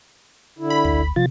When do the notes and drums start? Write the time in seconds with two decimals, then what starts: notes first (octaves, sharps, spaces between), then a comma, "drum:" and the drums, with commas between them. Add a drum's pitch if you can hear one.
0.59 D3 E4
0.70 B5
0.85 D2, drum: kick
1.16 C3 F3 F4 A6